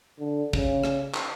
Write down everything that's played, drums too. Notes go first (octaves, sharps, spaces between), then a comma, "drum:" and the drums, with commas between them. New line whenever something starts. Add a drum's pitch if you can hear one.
D3
C#3, drum: kick
drum: rim click
drum: clap